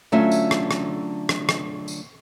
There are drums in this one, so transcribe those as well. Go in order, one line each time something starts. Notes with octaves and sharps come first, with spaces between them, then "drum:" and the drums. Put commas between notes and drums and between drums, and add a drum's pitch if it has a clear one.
D3 F#3 A3 C#4 F4 E5
drum: tambourine
drum: rim click
drum: rim click
drum: rim click
drum: rim click
drum: tambourine